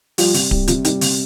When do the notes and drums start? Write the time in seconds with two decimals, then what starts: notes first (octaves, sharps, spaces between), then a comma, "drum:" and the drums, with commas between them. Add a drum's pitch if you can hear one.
0.18 F3 G3, drum: open hi-hat
0.34 C3, drum: open hi-hat
0.51 G3, drum: kick D1
0.67 C3 F3, drum: hi-hat
0.85 D#3 G3, drum: hi-hat
1.01 C3, drum: open hi-hat